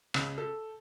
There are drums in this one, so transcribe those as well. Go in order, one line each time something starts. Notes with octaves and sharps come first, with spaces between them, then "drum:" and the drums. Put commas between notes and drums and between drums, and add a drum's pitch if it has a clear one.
C#2, drum: rim click
A4